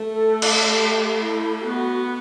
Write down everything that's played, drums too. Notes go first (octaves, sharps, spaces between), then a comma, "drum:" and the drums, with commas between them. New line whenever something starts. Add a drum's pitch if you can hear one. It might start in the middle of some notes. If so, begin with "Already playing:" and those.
Already playing: A3
A4
A4, drum: cymbal
G4
E4
G4
B3 F#4